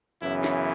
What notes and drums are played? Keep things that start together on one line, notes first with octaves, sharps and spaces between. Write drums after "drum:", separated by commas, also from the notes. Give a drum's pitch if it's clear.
F#2 C#3 E3 B3 E4
drum: snare